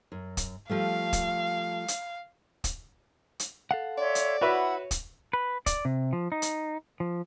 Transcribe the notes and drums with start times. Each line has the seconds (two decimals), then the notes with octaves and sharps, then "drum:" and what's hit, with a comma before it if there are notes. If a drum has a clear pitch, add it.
0.12 F#2
0.37 drum: kick, hi-hat
0.69 F3 G3 A3 F5
1.13 drum: kick, hi-hat
1.88 drum: hi-hat
2.64 drum: kick, hi-hat
3.40 drum: hi-hat
3.71 A4 F5 F#5
3.97 C#5 D5 E5 C6
4.15 drum: hi-hat
4.41 E4 F#4 B4 C#5 E5 F#5 B5
4.91 drum: kick, hi-hat
5.33 B4
5.66 D5, drum: kick, hi-hat
5.85 C3
6.13 F3
6.32 D#4
6.42 drum: hi-hat
7.00 F3